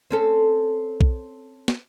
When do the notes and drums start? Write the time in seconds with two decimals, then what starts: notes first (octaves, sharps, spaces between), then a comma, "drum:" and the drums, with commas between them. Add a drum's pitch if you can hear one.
0.11 C4 C#4 A4
1.01 drum: kick B1
1.68 drum: snare